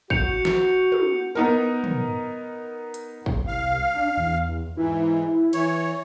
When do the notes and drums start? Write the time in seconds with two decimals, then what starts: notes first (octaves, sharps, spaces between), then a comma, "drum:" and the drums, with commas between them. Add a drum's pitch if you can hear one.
0.10 F#4 G6 C#7 F7, drum: kick
0.45 drum: snare
0.92 drum: tom
1.35 B3 D#4 A#4
1.84 drum: tom
2.94 drum: hi-hat
3.26 drum: kick
3.47 C2 F5
3.95 D4
4.17 E2
4.77 G#2 E3 E4
5.53 E3 C#5, drum: cymbal